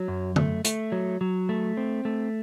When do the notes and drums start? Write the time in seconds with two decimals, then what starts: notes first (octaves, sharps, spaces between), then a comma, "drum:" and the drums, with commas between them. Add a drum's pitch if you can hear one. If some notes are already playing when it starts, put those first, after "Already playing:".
Already playing: F#3
0.08 F#2
0.36 A3, drum: tom
0.65 A3, drum: hi-hat
0.92 F#3
1.21 F#3
1.49 A3
1.77 C4
2.05 A3